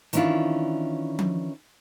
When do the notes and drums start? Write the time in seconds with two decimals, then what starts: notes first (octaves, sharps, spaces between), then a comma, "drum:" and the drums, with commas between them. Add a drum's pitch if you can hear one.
0.13 D#3 E3 C#4 D4 E4 F4, drum: hi-hat
1.19 drum: tom F3